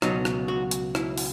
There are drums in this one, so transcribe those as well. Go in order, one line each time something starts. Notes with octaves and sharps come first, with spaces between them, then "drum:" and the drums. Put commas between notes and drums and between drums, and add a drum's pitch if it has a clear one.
C#2 B2 F#3 D#4, drum: rim click
drum: rim click
F#4
drum: hi-hat
E4, drum: rim click
drum: open hi-hat